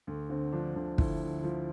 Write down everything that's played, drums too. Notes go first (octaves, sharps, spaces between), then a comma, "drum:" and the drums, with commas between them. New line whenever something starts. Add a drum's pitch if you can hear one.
D2
D3 C4
F3 D4
D2 D4
D2 E4, drum: kick
D3
F3